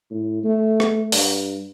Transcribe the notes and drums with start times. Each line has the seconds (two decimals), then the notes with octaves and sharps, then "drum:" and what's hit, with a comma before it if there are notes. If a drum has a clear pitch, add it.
0.10 A2
0.43 A3
0.80 drum: rim click
1.12 G2, drum: open hi-hat